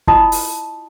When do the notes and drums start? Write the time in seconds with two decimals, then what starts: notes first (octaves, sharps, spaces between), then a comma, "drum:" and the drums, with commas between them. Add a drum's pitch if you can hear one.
0.08 E4 F4 D#5 A5 B5 D#6, drum: kick
0.32 drum: open hi-hat